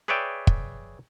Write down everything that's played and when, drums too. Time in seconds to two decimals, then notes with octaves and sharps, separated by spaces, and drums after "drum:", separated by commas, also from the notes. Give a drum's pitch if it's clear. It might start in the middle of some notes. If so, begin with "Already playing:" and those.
0.08 G#4 B4 C#5 D5 E5 G5
0.47 drum: kick